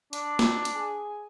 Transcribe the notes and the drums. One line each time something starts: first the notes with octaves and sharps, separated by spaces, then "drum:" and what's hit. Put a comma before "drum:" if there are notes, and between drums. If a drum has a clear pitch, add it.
D4, drum: hi-hat
drum: snare
drum: hi-hat
G#4 G#5